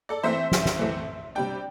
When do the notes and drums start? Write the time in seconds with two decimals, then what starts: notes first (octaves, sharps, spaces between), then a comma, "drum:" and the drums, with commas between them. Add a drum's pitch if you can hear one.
0.09 A4 D5
0.23 E3 A3 C4 C5 E5
0.52 drum: snare
0.66 drum: snare
0.79 E3 A3 C4
1.35 C3 G3 D4 D5 G5